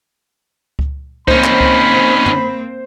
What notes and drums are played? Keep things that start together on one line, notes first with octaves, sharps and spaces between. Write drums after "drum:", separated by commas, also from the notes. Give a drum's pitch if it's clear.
drum: kick C#2
A#3 C4 C#4 D#4 C5 B5, drum: kick C#2
drum: clap
drum: kick C#2
drum: tom F#2